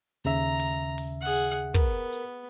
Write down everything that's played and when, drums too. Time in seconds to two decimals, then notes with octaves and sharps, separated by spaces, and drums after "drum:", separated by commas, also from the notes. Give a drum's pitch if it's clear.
0.25 D#2 C#3 E5 A#5
0.60 drum: open hi-hat
0.98 drum: open hi-hat
1.21 G#4 F#5
1.36 drum: hi-hat
1.74 B3 A#4, drum: kick, hi-hat
2.13 drum: hi-hat